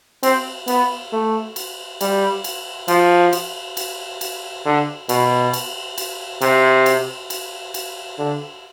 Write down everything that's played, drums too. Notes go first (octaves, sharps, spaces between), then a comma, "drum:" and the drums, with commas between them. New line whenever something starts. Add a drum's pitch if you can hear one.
C4, drum: cymbal
B3, drum: cymbal
A3
drum: cymbal
G3, drum: cymbal
drum: cymbal
F3, drum: cymbal
drum: cymbal
drum: cymbal
drum: cymbal
D3
B2, drum: cymbal
drum: cymbal
drum: cymbal
C3, drum: cymbal
drum: cymbal
drum: cymbal
drum: cymbal
D3